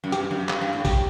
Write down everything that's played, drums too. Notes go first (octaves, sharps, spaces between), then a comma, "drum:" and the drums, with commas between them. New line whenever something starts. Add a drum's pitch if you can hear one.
F#2
G2 G4, drum: hi-hat
F#2
G2, drum: clap
G2
A2
G4, drum: kick A#1, open hi-hat